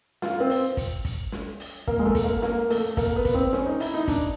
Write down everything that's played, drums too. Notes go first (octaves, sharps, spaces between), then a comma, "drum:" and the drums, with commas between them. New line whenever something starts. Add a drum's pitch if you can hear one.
F4, drum: snare
C4
drum: open hi-hat
drum: kick, hi-hat
drum: kick, hi-hat
drum: snare
drum: open hi-hat
A#3, drum: kick
G#3
A3
drum: kick, hi-hat
A#3
A#3, drum: snare
A3, drum: open hi-hat
A#3, drum: kick, hi-hat
B3
drum: kick, hi-hat
C4
C#4, drum: snare
D#4
E4, drum: open hi-hat
D#4
D4, drum: kick, hi-hat